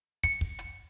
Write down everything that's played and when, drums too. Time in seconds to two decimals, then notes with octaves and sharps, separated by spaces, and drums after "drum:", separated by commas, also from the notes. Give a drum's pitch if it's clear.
0.24 C#7, drum: kick, hi-hat
0.41 drum: kick
0.59 drum: hi-hat